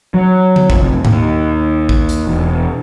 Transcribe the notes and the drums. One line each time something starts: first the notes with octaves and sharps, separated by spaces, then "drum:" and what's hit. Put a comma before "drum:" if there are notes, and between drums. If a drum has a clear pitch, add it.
F#3
drum: tom D3
F1, drum: kick
D#2, drum: tom G#2
drum: kick
drum: hi-hat
E1